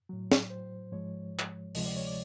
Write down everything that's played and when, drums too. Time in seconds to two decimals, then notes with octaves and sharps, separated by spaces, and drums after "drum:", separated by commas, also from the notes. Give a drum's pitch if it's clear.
0.09 A2 F#3
0.32 drum: snare
0.50 C5
0.92 G#2 F3 G#3 C#5
1.39 drum: clap
1.75 D2 C3 F3 G#3 D#5, drum: open hi-hat
1.86 D5
1.97 C#5
2.07 D5